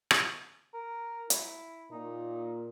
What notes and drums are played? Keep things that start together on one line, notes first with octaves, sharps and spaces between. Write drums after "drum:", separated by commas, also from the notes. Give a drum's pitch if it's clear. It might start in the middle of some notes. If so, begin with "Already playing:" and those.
drum: rim click
A#4
E4, drum: hi-hat
A#2 A#3 D#4